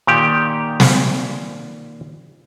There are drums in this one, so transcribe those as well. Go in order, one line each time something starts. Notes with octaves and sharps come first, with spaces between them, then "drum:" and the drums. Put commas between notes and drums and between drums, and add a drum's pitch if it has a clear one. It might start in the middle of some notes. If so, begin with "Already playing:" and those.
A#2 D#3 G4
drum: snare